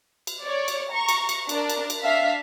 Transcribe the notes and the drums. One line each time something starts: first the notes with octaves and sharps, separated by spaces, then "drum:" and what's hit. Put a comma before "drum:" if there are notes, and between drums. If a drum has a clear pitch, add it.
drum: cymbal
C#5 D5
drum: cymbal
A#5 C#6
drum: cymbal
drum: cymbal
D4 A#4 D5, drum: cymbal
drum: cymbal
drum: cymbal
D4 E5 F5 B6